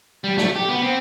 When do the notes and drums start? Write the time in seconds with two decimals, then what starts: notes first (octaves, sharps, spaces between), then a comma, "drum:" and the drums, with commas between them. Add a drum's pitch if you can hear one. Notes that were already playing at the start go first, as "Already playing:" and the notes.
0.24 G3
0.38 A3, drum: snare
0.55 G4
0.69 B3
0.82 C4